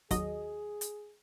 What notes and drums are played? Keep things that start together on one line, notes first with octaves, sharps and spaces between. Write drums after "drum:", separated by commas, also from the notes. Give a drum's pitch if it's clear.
D#2 F#3 G#4 D#5, drum: kick, hi-hat
drum: hi-hat